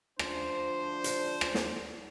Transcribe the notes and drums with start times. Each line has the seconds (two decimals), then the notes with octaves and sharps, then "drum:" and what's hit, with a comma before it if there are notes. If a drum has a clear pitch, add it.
0.19 D2 F3 D4 C5, drum: rim click
1.04 drum: hi-hat
1.41 drum: rim click
1.55 drum: snare